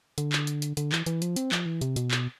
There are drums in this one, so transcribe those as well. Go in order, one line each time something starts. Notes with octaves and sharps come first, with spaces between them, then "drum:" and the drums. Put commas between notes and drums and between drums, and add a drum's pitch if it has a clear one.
D3, drum: hi-hat
drum: clap
drum: hi-hat
drum: hi-hat
D3, drum: hi-hat
E3, drum: clap
E3, drum: hi-hat
F3, drum: hi-hat
C4, drum: hi-hat
F3, drum: clap
E3
C3, drum: hi-hat
B2, drum: hi-hat
drum: clap